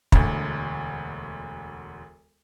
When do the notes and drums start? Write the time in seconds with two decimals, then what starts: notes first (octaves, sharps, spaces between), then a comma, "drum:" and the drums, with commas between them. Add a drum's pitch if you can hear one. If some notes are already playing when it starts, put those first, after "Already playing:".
0.12 E1 D2, drum: kick